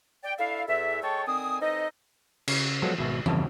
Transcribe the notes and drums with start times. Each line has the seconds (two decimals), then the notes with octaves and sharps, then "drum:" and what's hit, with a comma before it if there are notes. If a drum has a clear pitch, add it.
0.24 D5 G5
0.39 D4 E4 A4 E5 F5
0.68 E2 A4 E5
1.03 G#3 A4 C#5 G5 A5 C#6
1.27 D3 D#3 C4 G#5 D#6
1.61 E3 C4 D#4 A4 D#5
2.48 C#3, drum: cymbal
2.82 F3 F#3 G#3 B3 F#4 A4
2.98 G#1 B2 E5
3.26 E2 G2 C#3 A#3 D#5 A5, drum: tom E3